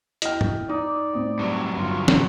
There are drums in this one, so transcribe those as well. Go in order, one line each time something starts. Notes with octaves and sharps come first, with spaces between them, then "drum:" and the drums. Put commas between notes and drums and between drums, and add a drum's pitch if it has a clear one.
E4 D#5 G5 F6, drum: hi-hat
drum: tom G#2
D#4 D5 D#6
A2 C4 D#6
G2 F#3
G1 F4
drum: snare